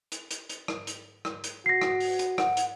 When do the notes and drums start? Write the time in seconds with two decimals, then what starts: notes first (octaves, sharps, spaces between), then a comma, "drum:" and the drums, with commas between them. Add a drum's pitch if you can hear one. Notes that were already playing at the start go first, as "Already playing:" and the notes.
0.12 drum: hi-hat
0.31 drum: hi-hat
0.49 drum: hi-hat
0.68 drum: rim click
0.87 drum: hi-hat
1.25 drum: rim click
1.44 drum: hi-hat
1.66 F#4 A#6 C7
1.81 drum: rim click
2.00 drum: open hi-hat
2.19 drum: hi-hat
2.38 F#5, drum: rim click
2.57 drum: hi-hat